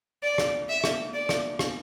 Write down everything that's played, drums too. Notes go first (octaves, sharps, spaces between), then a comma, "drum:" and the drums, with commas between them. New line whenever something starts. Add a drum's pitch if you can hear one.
D5
drum: rim click
E5
drum: rim click
D5
drum: rim click
drum: rim click